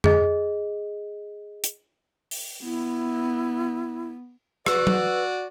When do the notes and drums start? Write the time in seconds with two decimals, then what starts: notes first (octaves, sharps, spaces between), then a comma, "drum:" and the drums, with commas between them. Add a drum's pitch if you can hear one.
0.04 G#4 D#5, drum: tom F2
1.64 drum: hi-hat
2.31 drum: open hi-hat
2.64 B3 E4
4.66 F#4 B4 D5 E6, drum: rim click
4.87 drum: tom F#3